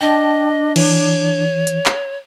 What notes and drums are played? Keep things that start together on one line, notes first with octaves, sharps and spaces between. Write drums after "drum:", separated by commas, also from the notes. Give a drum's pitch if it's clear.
D4 D#5 G5 A5
E3 C#5, drum: cymbal
drum: hi-hat
drum: clap